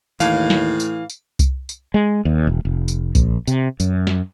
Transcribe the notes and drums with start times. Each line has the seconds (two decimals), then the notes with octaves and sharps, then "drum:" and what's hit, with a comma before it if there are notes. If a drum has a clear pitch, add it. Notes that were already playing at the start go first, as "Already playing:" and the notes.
0.20 D#2 A2 E3 F5, drum: tambourine
0.50 drum: snare
0.80 drum: tambourine
1.10 drum: tambourine
1.39 drum: kick C2, tambourine
1.69 drum: tambourine
1.94 G#3
2.25 D#2
2.47 E1
2.65 F1
2.88 drum: tambourine
3.15 A#1, drum: kick C2, tambourine
3.47 C3, drum: tambourine
3.80 F#2, drum: tambourine
4.07 drum: snare